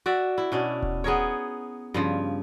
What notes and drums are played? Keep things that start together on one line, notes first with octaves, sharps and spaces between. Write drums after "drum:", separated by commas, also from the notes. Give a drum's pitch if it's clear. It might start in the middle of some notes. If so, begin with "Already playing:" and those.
F#4 D5 E5
E4
B2 C#4 D4
drum: kick D#1
B3 G#4 A#4 C#5
G2 C#3 F3